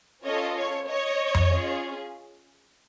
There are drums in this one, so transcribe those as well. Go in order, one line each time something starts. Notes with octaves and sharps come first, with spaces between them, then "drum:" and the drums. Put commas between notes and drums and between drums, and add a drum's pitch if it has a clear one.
C#4 F4 A4 C#5 D#5
C#5
C#5 D#5
drum: tom F2
C#4 F4 G#4